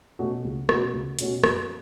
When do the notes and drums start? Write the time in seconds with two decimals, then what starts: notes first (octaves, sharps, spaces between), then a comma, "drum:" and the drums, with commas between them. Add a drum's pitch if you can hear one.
0.19 B2 A3 C#4 F#4
0.44 C#2
0.69 B2 A3 C#4 F#4, drum: rim click
0.93 C#2
1.19 B2 A3 C#4 F#4, drum: hi-hat
1.44 F#2, drum: rim click